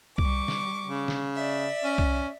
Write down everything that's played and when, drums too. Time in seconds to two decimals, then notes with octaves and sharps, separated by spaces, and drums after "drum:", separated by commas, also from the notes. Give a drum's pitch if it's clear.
0.18 G3 C#6 D6, drum: kick C2
0.48 drum: snare
0.86 C#3
1.08 drum: snare
1.36 D5 E5
1.84 C#4
1.98 drum: kick C2